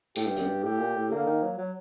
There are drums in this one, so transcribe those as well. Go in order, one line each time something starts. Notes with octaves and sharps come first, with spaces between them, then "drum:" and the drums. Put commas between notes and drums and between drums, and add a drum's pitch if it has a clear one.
A2 G4, drum: tambourine
G2
F#2, drum: hi-hat
G2
A2 G4
A#2
A2
D3 A#3
D#3
F#3
F#3